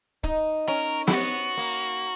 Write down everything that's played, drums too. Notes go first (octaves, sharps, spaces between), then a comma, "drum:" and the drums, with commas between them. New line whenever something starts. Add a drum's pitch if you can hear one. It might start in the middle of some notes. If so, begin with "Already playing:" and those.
D#4, drum: kick
C#4 A#4
E4, drum: snare
B3 F#4
A#3